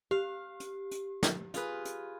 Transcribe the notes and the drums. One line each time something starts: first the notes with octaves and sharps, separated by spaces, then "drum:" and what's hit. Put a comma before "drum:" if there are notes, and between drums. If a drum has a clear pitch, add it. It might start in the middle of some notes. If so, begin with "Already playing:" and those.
G4 F5
drum: hi-hat
drum: hi-hat
drum: snare
F4 G#4 B4, drum: hi-hat
drum: hi-hat